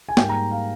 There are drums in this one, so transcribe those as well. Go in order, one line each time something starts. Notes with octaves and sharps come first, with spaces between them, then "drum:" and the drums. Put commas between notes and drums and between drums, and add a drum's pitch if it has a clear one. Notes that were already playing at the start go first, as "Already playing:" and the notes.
G#5
G#2 G3 A#3 G5, drum: snare
A#5
F5